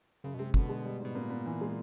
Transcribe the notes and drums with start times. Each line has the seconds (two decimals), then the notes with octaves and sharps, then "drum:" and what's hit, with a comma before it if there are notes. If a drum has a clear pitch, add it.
0.24 F#2 C#3
0.34 B2
0.39 C3 G#3
0.54 B2 D3, drum: kick
0.69 G#3
0.85 G3
1.00 G#2 B2
1.15 A#2 B3
1.30 B3
1.46 E3
1.61 G#3